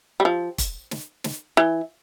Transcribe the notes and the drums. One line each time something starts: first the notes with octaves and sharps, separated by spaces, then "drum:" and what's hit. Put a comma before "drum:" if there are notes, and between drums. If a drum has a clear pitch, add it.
G3
F3
drum: kick, hi-hat
drum: snare
drum: snare
E3